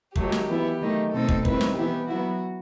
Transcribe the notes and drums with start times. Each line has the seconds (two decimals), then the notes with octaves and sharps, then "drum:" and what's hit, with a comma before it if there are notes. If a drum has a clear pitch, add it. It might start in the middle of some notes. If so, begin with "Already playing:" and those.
0.16 D#3 F#3 A3 G4, drum: kick
0.32 drum: snare
0.48 E3 B3 E4
0.80 D#3 F#3 A3 D#4
1.13 B2 A3 C4 D#4 A4
1.29 drum: kick
1.45 D#3 G3 C4 E4 B4, drum: kick
1.61 drum: snare
1.77 E3 B3 E4 G4
2.08 F#3 B3 E4 F#4